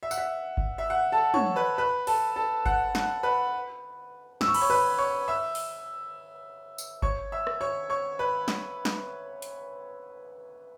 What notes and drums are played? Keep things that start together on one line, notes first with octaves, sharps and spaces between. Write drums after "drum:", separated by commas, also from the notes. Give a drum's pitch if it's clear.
E5
F#5, drum: tambourine
E5
drum: kick G1
E5
F#5
A4 A5
C#5 C#6, drum: tom
B4 B5
B4 B5
A4 A5, drum: open hi-hat
A4 A5
F#5, drum: kick G1
F#5, drum: snare
B4 B5
E6, drum: snare
C#6
B5, drum: cymbal
C#5 C#6
B4 B5
C#5 C#6
E5 E6
drum: open hi-hat
drum: tambourine
C#5 C#6, drum: kick G1
E5 E6
drum: rim click
C#5 C#6
C#5 C#6
B4 B5
drum: snare
drum: snare
drum: hi-hat